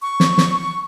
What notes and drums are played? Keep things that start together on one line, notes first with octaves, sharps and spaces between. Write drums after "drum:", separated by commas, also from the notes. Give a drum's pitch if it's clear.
C#6
drum: snare
drum: snare